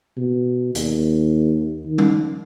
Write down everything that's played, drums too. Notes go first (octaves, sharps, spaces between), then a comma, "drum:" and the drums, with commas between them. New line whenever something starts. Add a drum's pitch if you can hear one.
B2
D#2, drum: hi-hat
D#3
drum: tom G3